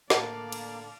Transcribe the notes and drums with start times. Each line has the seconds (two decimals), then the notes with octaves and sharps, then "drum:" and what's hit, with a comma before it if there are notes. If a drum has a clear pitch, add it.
0.10 A2 D3 A#3 A#4 D5 F5 A5, drum: snare
0.52 drum: cymbal